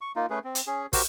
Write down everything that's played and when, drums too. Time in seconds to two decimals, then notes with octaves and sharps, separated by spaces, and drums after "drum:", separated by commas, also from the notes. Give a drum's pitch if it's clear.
0.01 C#6
0.16 A#3 D#4 F4
0.30 A3 C#4 G#4 B4
0.44 C4
0.55 drum: hi-hat
0.67 C#4 G#4
0.93 F#4 G4 A#4 C5, drum: kick, open hi-hat